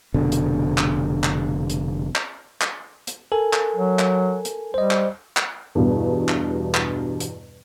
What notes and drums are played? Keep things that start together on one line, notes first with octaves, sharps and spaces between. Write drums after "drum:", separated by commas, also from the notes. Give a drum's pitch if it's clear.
F1 B2 D3
drum: hi-hat
drum: clap
drum: clap
drum: hi-hat
drum: clap
drum: clap
drum: hi-hat
A4 A#4 G#5
drum: clap
F#3
drum: clap
drum: hi-hat
G3 C5 D#5
drum: clap
drum: clap
E2 G2 B2
drum: clap
drum: clap
drum: hi-hat